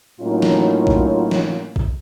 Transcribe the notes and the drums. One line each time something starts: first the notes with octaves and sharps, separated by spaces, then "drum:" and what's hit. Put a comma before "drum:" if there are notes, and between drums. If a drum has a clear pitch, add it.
A2 F#3 A#3 C#4 D#4 F4
drum: snare
drum: kick A1
drum: snare
drum: kick A1